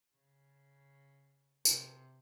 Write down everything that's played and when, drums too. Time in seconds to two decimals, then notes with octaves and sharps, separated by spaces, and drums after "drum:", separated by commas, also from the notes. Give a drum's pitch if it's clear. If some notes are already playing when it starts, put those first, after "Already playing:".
0.16 C#3
1.65 C3, drum: tambourine